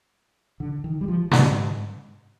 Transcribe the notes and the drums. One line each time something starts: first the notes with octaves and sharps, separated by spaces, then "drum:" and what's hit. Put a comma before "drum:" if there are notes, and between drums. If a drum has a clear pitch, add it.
D3
D#3
G3
F3
G#2, drum: snare